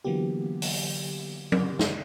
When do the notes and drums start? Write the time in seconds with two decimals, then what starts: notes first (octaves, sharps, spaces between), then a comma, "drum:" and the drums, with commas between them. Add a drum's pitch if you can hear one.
0.04 D3 E3 F#3 A#3 B3 G4
0.62 drum: open hi-hat
1.52 drum: tom F#3
1.79 drum: snare